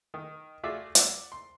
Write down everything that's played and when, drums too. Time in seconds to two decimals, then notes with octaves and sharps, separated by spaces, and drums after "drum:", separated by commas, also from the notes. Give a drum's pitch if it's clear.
0.14 D#3
0.63 A3 F4 F#4 G#4 D5 E5
0.95 D5 F#5 E6, drum: hi-hat
1.32 C6